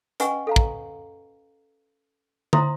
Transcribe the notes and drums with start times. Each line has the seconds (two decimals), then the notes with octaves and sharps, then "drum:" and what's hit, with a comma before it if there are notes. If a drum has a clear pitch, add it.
0.20 C#4 B4 D#5 F#5 G#5 C#6, drum: hi-hat
0.47 A4 F5 A#5
0.56 drum: kick
2.53 E4 C5 E5 A#5 C6 D#6, drum: tom D3